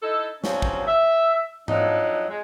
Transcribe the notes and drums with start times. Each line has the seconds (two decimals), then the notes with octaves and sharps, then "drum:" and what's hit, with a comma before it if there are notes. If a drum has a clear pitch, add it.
0.02 D#4 E4 A4
0.44 G2 F3 F#3 C4 C#4, drum: snare
0.62 drum: kick G#1
0.87 E5
1.68 F2 F3 F#3 D4 D#4, drum: tom G#2
2.30 G#3